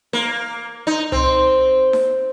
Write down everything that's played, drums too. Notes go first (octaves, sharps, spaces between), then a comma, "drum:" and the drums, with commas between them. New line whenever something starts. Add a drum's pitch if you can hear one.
A#3, drum: snare D#4
D#4
C4, drum: tom C2
drum: snare D#4